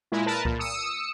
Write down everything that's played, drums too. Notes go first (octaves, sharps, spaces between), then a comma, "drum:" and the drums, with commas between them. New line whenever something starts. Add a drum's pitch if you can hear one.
A#2 G#3 E4
A#4 B4 A5
A#2, drum: kick C2
D#6 E6 C#7